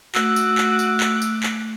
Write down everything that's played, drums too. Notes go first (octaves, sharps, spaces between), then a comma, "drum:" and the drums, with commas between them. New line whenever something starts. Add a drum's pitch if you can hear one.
A3 F#4 D6 E6 F#6, drum: clap
drum: tambourine
drum: clap
drum: tambourine
drum: clap
drum: tambourine
drum: clap